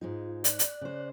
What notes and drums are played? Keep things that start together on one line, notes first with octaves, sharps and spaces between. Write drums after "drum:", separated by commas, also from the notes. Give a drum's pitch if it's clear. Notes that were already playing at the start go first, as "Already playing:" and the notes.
G#2 G#3 D#4 F4
D5 F#6, drum: hi-hat
drum: hi-hat
C#3 C5